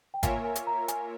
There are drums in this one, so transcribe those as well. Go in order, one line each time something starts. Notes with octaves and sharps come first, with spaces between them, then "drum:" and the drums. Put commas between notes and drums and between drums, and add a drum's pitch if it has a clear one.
G5
A#3 F4 A#4 C#5 E5 G#5, drum: kick, hi-hat
G#5
drum: hi-hat
A#5
G#5, drum: hi-hat